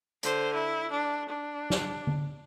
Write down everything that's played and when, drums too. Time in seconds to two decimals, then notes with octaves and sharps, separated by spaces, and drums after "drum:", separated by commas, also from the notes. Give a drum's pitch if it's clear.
0.23 D3 C5, drum: hi-hat
0.54 E4
0.91 D4
1.28 D4
1.70 drum: snare
2.07 drum: tom D3